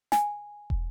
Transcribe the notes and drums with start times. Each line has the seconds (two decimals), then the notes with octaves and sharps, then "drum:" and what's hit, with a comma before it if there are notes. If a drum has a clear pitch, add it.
0.12 G#5, drum: snare
0.70 drum: kick